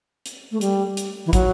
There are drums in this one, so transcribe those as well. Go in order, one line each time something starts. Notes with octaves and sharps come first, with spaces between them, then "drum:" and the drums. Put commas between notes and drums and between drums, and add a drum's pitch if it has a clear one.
drum: hi-hat
A3
G3, drum: hi-hat
drum: hi-hat
E3
F#3, drum: kick, hi-hat